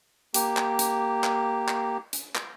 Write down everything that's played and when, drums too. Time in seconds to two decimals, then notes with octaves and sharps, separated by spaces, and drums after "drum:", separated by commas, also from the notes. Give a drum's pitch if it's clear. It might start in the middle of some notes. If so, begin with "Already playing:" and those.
0.34 A#3 G4, drum: hi-hat
0.57 drum: clap
0.79 drum: hi-hat
1.24 drum: clap
1.68 drum: clap
2.13 drum: hi-hat
2.35 drum: clap